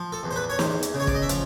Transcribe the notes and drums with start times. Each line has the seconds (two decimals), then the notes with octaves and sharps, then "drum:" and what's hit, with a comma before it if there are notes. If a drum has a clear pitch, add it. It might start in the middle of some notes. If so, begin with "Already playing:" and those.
Already playing: F3
0.12 A4
0.23 E2
0.31 C5
0.36 B4
0.50 C#5
0.59 E2 C5, drum: snare
0.83 drum: hi-hat
0.94 C#3
1.00 C#5
1.07 D5, drum: kick
1.15 D#5
1.22 E5
1.29 F3 F5, drum: hi-hat